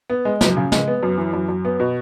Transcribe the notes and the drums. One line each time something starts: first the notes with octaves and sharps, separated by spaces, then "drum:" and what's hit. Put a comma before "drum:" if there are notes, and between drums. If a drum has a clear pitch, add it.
B3
G#3
F#2, drum: snare
C#3
G#3, drum: snare
B3
F#2
E3
F#2
F#2
B3
B2